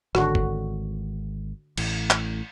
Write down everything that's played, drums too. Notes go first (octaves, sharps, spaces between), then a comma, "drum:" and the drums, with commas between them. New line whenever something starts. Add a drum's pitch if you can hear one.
G#1 D3 F#4, drum: rim click
drum: kick
A1 A2, drum: cymbal
drum: clap